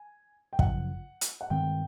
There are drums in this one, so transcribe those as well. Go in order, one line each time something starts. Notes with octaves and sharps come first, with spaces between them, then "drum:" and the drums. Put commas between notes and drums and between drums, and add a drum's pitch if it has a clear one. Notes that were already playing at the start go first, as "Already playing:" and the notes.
Already playing: G#5
G5
F#2 C#3 F3 F#5, drum: kick
drum: hi-hat
F#5
G2 D#3 G#3 C4 G5